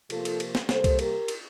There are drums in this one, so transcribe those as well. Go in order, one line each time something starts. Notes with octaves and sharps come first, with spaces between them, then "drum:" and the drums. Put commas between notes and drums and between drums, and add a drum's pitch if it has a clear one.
C3 F3 A#3 F4 A4, drum: cymbal
drum: cymbal
drum: cymbal
drum: snare
C3 G3 A#3 A4 C5, drum: snare
drum: kick C2, cymbal
G4 A#4, drum: cymbal
drum: cymbal